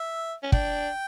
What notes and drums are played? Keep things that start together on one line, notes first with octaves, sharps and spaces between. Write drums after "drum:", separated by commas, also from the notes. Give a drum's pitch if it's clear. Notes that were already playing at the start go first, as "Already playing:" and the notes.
Already playing: E5
C#4
D4 G5, drum: kick